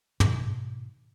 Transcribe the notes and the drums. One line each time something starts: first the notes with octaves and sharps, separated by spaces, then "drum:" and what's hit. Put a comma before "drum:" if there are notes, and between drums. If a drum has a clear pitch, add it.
G#2 B2 D#3, drum: tom